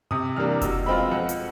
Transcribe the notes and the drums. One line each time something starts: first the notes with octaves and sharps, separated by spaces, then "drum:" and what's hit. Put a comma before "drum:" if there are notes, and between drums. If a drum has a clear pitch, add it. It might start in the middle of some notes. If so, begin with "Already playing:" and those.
C3 D#6, drum: tom F#2
E3 G3 A#3 D4 F6
B2 E6, drum: kick F1, hi-hat
G#3 C4 F4 B5
F2 F#5
drum: hi-hat